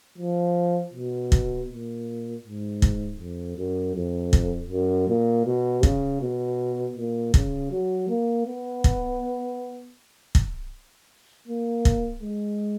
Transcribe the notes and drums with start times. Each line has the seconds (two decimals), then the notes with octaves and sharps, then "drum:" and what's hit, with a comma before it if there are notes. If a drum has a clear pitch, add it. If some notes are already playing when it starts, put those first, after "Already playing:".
0.18 F3
0.94 B2
1.32 drum: kick
1.69 A#2
2.45 G#2
2.82 drum: kick
3.19 F2
3.57 F#2
3.95 F2
4.33 drum: kick
4.70 F#2
5.09 A#2
5.46 B2
5.83 C#3, drum: kick
6.21 B2
6.96 A#2
7.34 C#3, drum: kick
7.71 F#3
8.09 A#3
8.46 B3
8.84 drum: kick
10.35 drum: kick
11.48 A#3
11.85 drum: kick
12.22 G#3